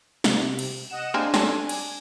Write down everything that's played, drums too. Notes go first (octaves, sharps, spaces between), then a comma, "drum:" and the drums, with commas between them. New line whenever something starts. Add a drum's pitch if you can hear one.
C3, drum: snare
drum: cymbal
D#5 F#5 E7
A#3 C4 D4 G#4 G#5
C4 A4, drum: snare
drum: cymbal